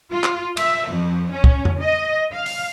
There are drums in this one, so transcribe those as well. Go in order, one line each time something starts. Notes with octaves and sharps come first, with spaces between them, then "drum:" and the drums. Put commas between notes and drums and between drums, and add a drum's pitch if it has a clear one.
F4
drum: clap
E5, drum: cymbal
F2
C#4
drum: kick
drum: tom F2
D#5
F5
drum: open hi-hat